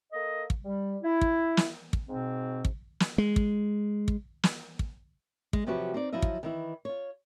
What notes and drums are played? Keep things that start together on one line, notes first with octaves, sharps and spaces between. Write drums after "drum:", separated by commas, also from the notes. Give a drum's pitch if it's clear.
A#3 A4 D#5
drum: kick
G3
E4
drum: kick
drum: snare
drum: kick
G#2 B2 C4
drum: kick
drum: snare
G#3
drum: kick
drum: kick
drum: snare
drum: kick
G#3, drum: kick
C3 F3 F#3 F#4 G4 B4
C4 D#4 D5
F3 F#3 E4 F4 D#5 E5
drum: kick
D#3 E3 E4
F4 C#5